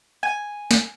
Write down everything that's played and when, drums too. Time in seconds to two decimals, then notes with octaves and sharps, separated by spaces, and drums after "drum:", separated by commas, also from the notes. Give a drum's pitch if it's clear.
0.23 G#5
0.71 drum: snare